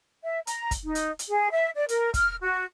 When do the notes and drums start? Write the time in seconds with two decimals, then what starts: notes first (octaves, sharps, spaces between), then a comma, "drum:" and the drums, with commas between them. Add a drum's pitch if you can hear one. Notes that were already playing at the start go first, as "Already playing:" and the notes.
0.24 E5
0.47 A#5, drum: hi-hat
0.71 drum: kick, hi-hat
0.84 D#4
0.95 drum: hi-hat
1.19 drum: hi-hat
1.29 G#4
1.51 E5
1.76 D5
1.89 A#4, drum: hi-hat
2.14 F6, drum: kick, hi-hat
2.42 F#4